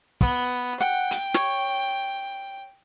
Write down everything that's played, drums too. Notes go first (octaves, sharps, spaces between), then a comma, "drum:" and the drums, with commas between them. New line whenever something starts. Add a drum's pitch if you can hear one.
B3, drum: kick
F#5 G5
drum: hi-hat
C#5, drum: snare